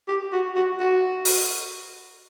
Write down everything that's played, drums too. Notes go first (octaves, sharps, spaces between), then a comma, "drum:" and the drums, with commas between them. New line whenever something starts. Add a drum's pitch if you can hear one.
G4
F#4
F#4
F#4
drum: open hi-hat